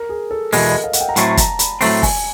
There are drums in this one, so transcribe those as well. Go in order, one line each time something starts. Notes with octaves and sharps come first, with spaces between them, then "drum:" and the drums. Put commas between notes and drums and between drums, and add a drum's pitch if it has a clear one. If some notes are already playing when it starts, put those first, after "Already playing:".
Already playing: A#4
G#4
A4
E2 B2 G#3 A#4, drum: open hi-hat
D#5
F5
F#5, drum: hi-hat
G5
A#5
A2 F#3 A3 C4 A5, drum: hi-hat
A#5, drum: kick, hi-hat
B5, drum: hi-hat
A2 F#3 A3 C4 C#6, drum: open hi-hat
G#5, drum: kick, open hi-hat